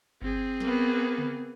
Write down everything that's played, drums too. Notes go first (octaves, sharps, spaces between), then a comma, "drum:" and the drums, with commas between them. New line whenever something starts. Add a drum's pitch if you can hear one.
C4 G#4, drum: kick G1
A#3 B3, drum: snare
drum: tom C#3